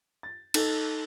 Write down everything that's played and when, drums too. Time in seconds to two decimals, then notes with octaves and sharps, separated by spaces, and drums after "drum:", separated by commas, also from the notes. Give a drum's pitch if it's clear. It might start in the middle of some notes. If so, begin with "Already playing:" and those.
0.23 A6
0.54 D#4 A4, drum: cymbal